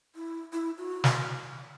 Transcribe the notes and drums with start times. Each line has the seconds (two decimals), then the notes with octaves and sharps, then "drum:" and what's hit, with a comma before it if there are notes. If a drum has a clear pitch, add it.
0.15 E4
0.53 E4
0.78 F#4
1.04 drum: snare